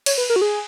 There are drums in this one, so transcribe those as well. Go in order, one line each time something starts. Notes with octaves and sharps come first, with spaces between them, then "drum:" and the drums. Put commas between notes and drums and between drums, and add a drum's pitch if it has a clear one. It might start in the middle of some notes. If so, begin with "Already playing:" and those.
C#5, drum: cymbal
B4
A#4
F#4
G#4